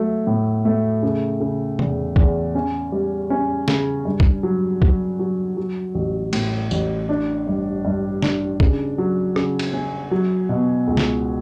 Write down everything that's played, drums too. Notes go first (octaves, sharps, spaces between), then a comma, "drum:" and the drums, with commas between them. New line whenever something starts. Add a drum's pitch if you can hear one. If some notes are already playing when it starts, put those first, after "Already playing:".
Already playing: F#3 A3
A2
A3
C#3
C#3
E2, drum: tom C3
E2, drum: kick B1
C#4
G3
C#4
C#3, drum: snare
G2
drum: kick B1
F#3
F#3, drum: kick B1
F#3
F#3
A1
A2, drum: cymbal
A1, drum: tambourine
D4
G2
G2
D4, drum: snare
C#3, drum: kick B1
F#3
C#3, drum: rim click
drum: cymbal
C#4
F#3
B2
C#2
drum: snare